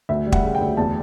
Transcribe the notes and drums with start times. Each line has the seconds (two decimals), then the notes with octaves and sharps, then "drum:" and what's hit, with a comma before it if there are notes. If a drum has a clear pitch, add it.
0.09 D2 E5
0.26 G3
0.32 F#5, drum: kick
0.43 C#3
0.55 G5
0.61 D2
0.77 E2 A5